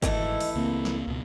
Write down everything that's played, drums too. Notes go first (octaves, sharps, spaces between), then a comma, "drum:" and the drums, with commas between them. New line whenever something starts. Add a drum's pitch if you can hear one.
G#1 E3 A3 E4 D#5, drum: kick
drum: open hi-hat
C#2 A#3 C4
drum: snare
C#2 B2